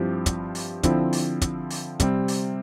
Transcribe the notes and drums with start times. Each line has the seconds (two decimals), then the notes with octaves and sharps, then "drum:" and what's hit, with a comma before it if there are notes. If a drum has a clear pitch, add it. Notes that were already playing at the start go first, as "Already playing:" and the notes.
Already playing: G2 F3 C4 E4 G4
0.26 drum: kick, hi-hat
0.55 drum: open hi-hat
0.83 D3 F3 C4 E4, drum: kick, hi-hat
1.13 drum: open hi-hat
1.42 drum: kick, hi-hat
1.70 drum: open hi-hat
2.00 C3 G3 C4, drum: kick, hi-hat
2.28 drum: open hi-hat